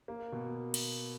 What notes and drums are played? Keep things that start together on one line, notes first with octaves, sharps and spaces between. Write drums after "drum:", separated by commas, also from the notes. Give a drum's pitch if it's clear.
A#3
B2
drum: cymbal